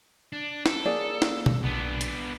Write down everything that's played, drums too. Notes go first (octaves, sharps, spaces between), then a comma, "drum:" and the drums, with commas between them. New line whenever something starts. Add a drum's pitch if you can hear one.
D4
A4, drum: snare
A#3 G#4 D5
drum: snare
drum: tom
B1 B3 D4
drum: hi-hat